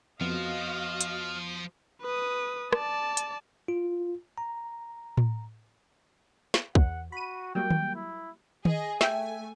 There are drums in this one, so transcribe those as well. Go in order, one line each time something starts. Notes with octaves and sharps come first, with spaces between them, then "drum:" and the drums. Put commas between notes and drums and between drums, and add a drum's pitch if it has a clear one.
F2 F3 B3 F#4 D#5 F5 F6
drum: hi-hat
B4 D#6
D5 A5, drum: rim click
drum: hi-hat
F4
A#5
drum: tom A2
drum: snare
E2 F#5, drum: kick
F#4 B5 D#7
F#3 G3 A#3 G5
drum: tom D#3
E4
G#4 D#5, drum: tom D#3
A3 E5 G5 G#5, drum: snare